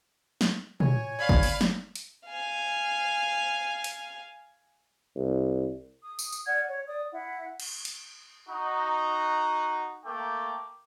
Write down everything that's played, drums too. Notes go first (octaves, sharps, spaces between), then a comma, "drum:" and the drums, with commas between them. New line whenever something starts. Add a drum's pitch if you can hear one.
drum: snare
C#5 G#5, drum: tom
D5 F5 B5 G#6
drum: kick
drum: open hi-hat
drum: snare
drum: hi-hat
F5 G#5
drum: hi-hat
C2
D#6
drum: tambourine
drum: tambourine
D5 F#5 F6 G#6
C#5
D5 D#6
E4 F#5
drum: cymbal
drum: hi-hat
D#4 F#4
A3 A#3 G5 D6